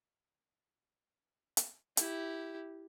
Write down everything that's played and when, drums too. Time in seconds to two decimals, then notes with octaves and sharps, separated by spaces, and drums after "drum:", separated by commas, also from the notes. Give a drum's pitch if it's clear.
1.57 drum: hi-hat
1.97 E4 G4, drum: hi-hat